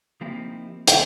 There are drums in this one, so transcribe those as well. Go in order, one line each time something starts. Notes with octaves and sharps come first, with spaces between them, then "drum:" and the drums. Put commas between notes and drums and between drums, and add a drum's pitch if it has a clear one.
F3 A#3 C4 D#4 E4 G4
D#2 C3 G3, drum: hi-hat